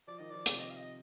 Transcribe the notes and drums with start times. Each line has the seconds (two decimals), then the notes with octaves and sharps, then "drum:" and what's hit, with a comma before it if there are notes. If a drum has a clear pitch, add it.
0.08 F3 D5
0.18 D#3 D#5
0.30 F3 D5
0.46 C3 C4, drum: hi-hat
0.59 D#5
0.71 F5
0.77 D#5